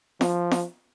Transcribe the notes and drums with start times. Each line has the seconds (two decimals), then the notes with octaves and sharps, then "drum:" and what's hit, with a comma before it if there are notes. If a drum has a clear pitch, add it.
0.21 F3, drum: snare F4
0.51 drum: snare F4